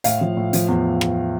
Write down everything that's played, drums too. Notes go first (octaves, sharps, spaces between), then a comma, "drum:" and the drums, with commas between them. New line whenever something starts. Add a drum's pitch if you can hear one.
A2 F5, drum: hi-hat
F3
A2
F3, drum: hi-hat
E2
drum: rim click